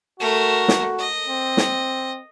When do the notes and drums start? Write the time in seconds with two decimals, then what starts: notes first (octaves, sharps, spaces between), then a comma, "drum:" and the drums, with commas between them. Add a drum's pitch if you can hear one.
0.20 A3 F#4 A#4
0.68 drum: snare
0.99 D#5
1.28 C4
1.57 drum: snare